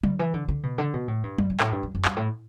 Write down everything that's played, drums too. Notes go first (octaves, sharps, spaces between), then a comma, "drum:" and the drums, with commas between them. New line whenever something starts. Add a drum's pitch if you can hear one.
D3, drum: tom F#3
E3
D3
D3
B2
D3
B2
A2
G2
F#2, drum: tom F#3
G2
A2, drum: clap
G2
F#2
F#2
G2, drum: clap
A2